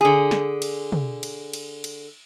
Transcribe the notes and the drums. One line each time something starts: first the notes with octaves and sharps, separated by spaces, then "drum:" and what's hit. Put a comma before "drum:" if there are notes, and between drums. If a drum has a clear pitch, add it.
D3 G#4
drum: snare
drum: cymbal
drum: tom
drum: cymbal
drum: cymbal
drum: cymbal